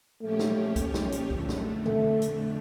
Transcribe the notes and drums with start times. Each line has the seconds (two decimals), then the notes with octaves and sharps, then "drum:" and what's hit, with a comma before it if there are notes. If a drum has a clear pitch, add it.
0.22 A#2 F3 A3 C#4 G4 C#5
0.39 drum: snare
0.76 drum: kick, hi-hat
0.94 drum: snare
1.12 drum: hi-hat
1.30 F2 D3 A3, drum: kick
1.49 drum: snare
1.86 A3, drum: tom A#2
2.22 drum: hi-hat